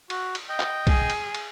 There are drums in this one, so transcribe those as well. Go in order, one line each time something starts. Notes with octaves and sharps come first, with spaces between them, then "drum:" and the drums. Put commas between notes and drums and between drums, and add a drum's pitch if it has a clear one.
F#4, drum: cymbal
drum: cymbal
D#5 G5
drum: clap
G#4, drum: kick, cymbal
drum: cymbal
drum: cymbal